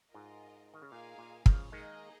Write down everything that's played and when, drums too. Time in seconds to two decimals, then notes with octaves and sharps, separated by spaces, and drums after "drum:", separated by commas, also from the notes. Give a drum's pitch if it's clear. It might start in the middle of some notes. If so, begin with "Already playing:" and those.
0.10 G#2 F4 A#4 D#5
0.74 D#3
0.82 C#3
0.91 A#2 A#3 D#4 G#4 F5 G#5
1.18 A#2
1.46 C#3 F3, drum: kick
1.72 D#3 G#3 A#3 D#4 G#4 D#5